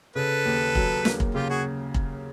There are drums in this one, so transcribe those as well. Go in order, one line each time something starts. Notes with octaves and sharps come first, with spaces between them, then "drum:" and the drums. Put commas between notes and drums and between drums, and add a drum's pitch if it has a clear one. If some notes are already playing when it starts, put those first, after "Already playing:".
C#3 A4 B4
D#2
F#3, drum: kick
A#3, drum: snare
drum: kick
C#3 F4 G4
F#4 G#4
drum: kick